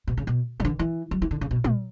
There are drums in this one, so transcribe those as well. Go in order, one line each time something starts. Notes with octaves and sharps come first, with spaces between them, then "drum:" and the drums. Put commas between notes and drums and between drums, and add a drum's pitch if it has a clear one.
B2
C#3
B2
C#3, drum: tom
D3
E3
F#3
E3
D3
C#3
B2
B2, drum: tom